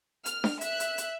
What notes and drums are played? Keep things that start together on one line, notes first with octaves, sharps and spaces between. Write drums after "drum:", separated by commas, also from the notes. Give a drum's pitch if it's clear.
F6, drum: hi-hat
drum: snare D4
E5 F#6, drum: hi-hat
drum: hi-hat
drum: hi-hat